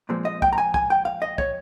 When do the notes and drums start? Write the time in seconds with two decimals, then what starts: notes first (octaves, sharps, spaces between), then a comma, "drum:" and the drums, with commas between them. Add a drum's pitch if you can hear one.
0.09 A#2 F3 G#3 C4
0.25 D#5
0.42 G5, drum: kick
0.53 A#5
0.58 G#5
0.74 G#5, drum: kick
0.90 G5
1.05 F5
1.22 D#5
1.38 C#5, drum: kick